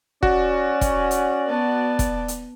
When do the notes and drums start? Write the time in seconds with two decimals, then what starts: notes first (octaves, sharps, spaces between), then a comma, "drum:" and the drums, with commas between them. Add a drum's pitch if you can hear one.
0.23 C#4 F#4 D5, drum: kick F1
0.81 drum: kick F1, hi-hat
1.11 drum: hi-hat
1.46 B3 A5
1.99 drum: kick F1, hi-hat
2.28 drum: hi-hat